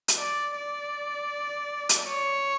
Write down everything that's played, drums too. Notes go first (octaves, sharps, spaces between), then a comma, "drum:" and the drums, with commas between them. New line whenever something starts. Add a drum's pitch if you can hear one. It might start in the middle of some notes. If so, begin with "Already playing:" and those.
drum: hi-hat
D5
D5
drum: hi-hat
C#5